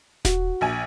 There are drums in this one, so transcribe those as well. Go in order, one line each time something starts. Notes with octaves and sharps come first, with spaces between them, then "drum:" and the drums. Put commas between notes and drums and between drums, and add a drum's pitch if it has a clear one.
F#4, drum: snare D#1
A#1 G#5